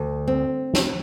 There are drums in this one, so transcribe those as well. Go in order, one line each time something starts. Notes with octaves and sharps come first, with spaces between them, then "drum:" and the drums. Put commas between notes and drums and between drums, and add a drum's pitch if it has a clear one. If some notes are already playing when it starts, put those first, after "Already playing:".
Already playing: D2
C4
drum: snare